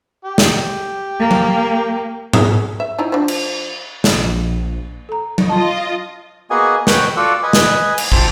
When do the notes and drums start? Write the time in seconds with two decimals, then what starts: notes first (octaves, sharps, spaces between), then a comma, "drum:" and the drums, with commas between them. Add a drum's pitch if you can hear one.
0.25 G4
0.38 drum: snare
1.19 A#3
1.31 drum: tom F#3
2.33 G#4 A#4 E5, drum: tom G#2
2.80 E5
2.99 F3 D#4 E4
3.12 F3 D4
3.28 drum: cymbal
4.04 A#1, drum: snare
5.09 A4 A#5
5.38 drum: tom F#3
5.49 F4 D#5 A5 C6
6.50 A#3 B3 F#4 G#4 D#5 G#5
6.87 B4 C#5 F#5 G5, drum: snare
7.17 F4 F#4 A4 D5 F#5 E6
7.43 B4 D#5 G#5
7.53 drum: snare
7.98 drum: cymbal
8.12 C5 E5 G5 A5 E6, drum: kick